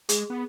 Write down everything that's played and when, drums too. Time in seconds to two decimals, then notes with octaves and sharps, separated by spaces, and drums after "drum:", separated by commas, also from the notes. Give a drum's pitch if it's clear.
0.09 G#3 G#4, drum: hi-hat
0.30 B3